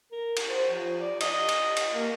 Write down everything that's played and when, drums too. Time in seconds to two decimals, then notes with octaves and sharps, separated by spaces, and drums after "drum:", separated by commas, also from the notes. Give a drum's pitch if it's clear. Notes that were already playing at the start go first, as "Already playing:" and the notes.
0.12 A#4
0.37 drum: cymbal
0.49 C5
0.70 F3
1.00 D5
1.21 D#5, drum: cymbal
1.49 drum: cymbal
1.77 drum: cymbal
1.94 A#3